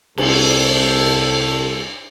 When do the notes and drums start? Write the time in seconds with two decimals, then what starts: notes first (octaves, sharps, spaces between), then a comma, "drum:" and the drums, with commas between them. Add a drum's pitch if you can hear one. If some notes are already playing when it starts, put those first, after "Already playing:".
0.18 C2 A4, drum: cymbal